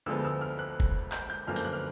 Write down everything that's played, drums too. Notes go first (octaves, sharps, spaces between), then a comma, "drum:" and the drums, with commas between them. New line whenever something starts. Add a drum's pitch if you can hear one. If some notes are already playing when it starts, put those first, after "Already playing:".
D2 D3 F3 G#3 B3 E6
E6
F6
F#6
drum: kick E1
G6, drum: clap
G6
G1 F#2 D3 F3 A#3 F6
G6, drum: tambourine
F#6
F6